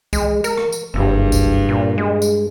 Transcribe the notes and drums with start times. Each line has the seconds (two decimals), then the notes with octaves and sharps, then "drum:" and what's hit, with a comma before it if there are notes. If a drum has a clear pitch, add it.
0.13 G#3, drum: kick C2, tambourine
0.44 A#4, drum: tambourine
0.58 drum: rim click
0.72 drum: tambourine
0.94 F#1 G2
1.32 drum: kick C2, tambourine
1.69 A#2
1.98 G#3
2.22 drum: tambourine